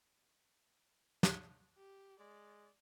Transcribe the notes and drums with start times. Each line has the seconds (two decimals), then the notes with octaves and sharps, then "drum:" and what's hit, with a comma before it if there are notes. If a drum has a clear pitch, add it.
1.23 drum: snare
1.77 G4
2.19 G#3 D5